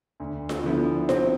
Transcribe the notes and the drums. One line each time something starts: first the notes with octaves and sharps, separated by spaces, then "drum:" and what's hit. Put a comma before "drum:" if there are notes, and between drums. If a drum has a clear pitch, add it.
D2
drum: snare F4
D3 F3 B3 E4
C3 C4, drum: snare F4